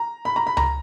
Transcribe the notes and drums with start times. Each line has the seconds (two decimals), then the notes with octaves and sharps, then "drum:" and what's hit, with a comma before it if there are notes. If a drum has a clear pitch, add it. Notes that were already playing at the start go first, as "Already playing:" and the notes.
Already playing: A#5
0.25 B5
0.36 A#5
0.47 B5
0.57 A#5, drum: tom C#2